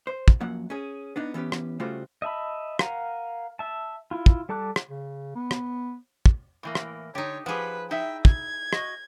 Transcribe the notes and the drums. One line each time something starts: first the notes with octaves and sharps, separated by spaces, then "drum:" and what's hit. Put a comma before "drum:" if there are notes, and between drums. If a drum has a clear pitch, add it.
C5
drum: kick
F#2 F3 A#3 F#5
C#4 G#4
B3 D4 D#4
E3 B3 C#4 G4
drum: rim click
C#3 G3 A3 F4 F#4 C5
D#5 E5 A5 B5
A#4 F5 F#5 G#5 A#5, drum: rim click
E5 A5
E4 F4
drum: kick
G3 A4 A5 D6 F#6
drum: rim click
C#3
B3
drum: rim click
drum: kick
A2 E3 A#3
drum: rim click
D3 D#4 G4 C#5
F3 G4 G#4 B4 F#5
D#4 E4 E5 G5
G#6, drum: kick
F#4 D#5, drum: rim click